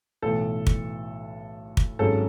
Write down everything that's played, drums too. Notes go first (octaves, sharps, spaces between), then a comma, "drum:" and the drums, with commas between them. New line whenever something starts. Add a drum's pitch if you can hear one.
B1 A2 E3 A4
drum: kick
drum: kick
G#1 G#2 F#3 C#4 A4